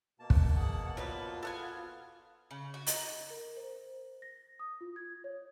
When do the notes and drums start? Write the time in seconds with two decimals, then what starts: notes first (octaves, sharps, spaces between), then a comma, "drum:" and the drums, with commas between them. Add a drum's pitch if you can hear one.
0.20 B2 A#3 A5
0.30 drum: kick
0.56 G#4 F#5
0.97 F#3 G3 B3 F4 B4
1.43 A4 F#5 G#5
2.51 C#3
2.74 F#4
2.87 D#4, drum: hi-hat
3.30 A#4
3.57 C5
4.22 A#6
4.60 D#6
4.81 F4
4.96 G#6
5.24 C#5